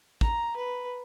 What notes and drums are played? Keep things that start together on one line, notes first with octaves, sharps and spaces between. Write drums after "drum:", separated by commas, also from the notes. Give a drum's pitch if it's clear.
A#5, drum: kick
B4